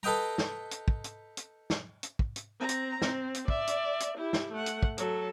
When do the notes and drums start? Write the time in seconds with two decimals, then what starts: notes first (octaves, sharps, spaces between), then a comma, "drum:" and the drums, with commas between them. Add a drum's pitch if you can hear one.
0.03 A4 B4 D#5 G5 A#5
0.38 drum: snare
0.71 drum: hi-hat
0.88 drum: kick
1.04 drum: hi-hat
1.37 drum: hi-hat
1.70 drum: snare
2.03 drum: hi-hat
2.19 drum: kick
2.36 drum: hi-hat
2.59 C4 A#5
2.69 drum: hi-hat
3.02 C4, drum: snare
3.34 drum: hi-hat
3.48 D5 E5, drum: kick
3.67 drum: hi-hat
4.00 drum: hi-hat
4.18 E4 G4
4.33 drum: snare
4.52 A3 F#5
4.66 drum: hi-hat
4.83 drum: kick
4.98 F#3 A4, drum: hi-hat